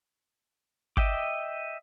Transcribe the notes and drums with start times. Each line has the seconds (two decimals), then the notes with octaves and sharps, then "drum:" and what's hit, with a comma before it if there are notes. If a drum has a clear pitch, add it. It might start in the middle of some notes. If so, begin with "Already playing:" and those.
0.97 D#5 E5 G5 D6, drum: kick G1